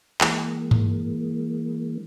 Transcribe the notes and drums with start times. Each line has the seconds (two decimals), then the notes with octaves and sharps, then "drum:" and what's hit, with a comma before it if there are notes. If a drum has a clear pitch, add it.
0.21 E3 G#3 A#3, drum: clap
0.71 drum: tom G2